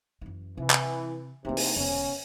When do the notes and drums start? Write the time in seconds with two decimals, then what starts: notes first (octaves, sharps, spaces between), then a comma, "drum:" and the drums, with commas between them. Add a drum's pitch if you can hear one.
0.21 F#2 E3
0.57 C3 E3
0.70 drum: clap
1.45 E2 C3 A#3 D#4
1.57 drum: open hi-hat
1.76 E1 D3 B3 C#4